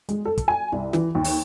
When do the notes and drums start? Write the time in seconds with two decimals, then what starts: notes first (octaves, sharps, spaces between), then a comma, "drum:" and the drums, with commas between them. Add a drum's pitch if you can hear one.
0.09 G#3, drum: hi-hat
0.25 A4
0.38 drum: kick, hi-hat
0.48 G#5
0.72 C2
0.93 E3, drum: snare
1.15 D#2
1.24 drum: open hi-hat